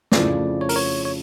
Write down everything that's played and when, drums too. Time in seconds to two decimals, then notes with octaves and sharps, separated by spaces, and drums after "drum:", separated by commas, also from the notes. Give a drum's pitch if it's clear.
0.12 F2 C#3 F3 A3 E4 D5, drum: snare
0.61 C#5
0.69 A#4, drum: open hi-hat
0.76 C#5
1.05 C#5